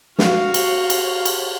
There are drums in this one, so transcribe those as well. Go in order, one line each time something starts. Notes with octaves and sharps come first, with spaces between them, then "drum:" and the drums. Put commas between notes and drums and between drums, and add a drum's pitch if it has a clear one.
F#4 F5, drum: snare
drum: cymbal
drum: cymbal
drum: cymbal